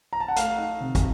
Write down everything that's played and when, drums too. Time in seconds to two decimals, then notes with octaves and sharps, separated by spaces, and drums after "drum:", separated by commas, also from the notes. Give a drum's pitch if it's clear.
0.13 A#5
0.20 A5
0.28 F#5
0.36 A3 F5, drum: hi-hat
0.58 D#4
0.81 C3
0.95 drum: kick, hi-hat